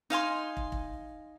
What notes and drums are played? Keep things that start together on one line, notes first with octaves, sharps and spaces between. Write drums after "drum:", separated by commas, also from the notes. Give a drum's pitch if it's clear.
D#4 F5 G#5 C6
drum: kick
drum: kick